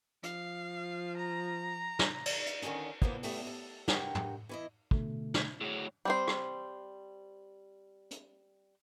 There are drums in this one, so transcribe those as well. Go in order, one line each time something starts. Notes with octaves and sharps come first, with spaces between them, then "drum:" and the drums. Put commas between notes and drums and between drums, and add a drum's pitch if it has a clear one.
F3 F5, drum: hi-hat
A#5
drum: snare
drum: cymbal
drum: hi-hat
D3 D#3 F3 C#4 D#4, drum: hi-hat
E3 F3 A#3 B3, drum: kick
G3 A3 B3, drum: open hi-hat
A4
G2 F#4 A#4 G5, drum: snare
drum: tom
E3 E4 D#5
B2 D3 A3, drum: kick
drum: snare
A2 F#3 G#4
G3 C4 C5
drum: rim click
drum: hi-hat